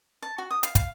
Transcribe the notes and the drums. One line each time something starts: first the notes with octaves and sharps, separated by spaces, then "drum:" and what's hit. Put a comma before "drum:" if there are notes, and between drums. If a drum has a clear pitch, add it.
A5
F#4
D#6
F5, drum: hi-hat
F5, drum: kick, hi-hat